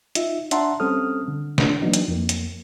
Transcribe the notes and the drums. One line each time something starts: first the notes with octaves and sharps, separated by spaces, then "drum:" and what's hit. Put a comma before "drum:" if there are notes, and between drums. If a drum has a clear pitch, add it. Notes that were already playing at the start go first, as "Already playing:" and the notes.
D#4 F4 E5, drum: hi-hat
D4 E5 F#5 A5 A#5 C6, drum: hi-hat
G3 C4 C#4 A4 D#6 F6
D3
drum: snare D4
E3 F#3 A#3 B3 D4 D#4
drum: hi-hat
F2 A#3
drum: hi-hat